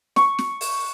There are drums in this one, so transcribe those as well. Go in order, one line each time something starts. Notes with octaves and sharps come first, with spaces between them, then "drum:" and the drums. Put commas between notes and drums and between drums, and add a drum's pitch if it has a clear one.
C#6, drum: snare
drum: snare
drum: open hi-hat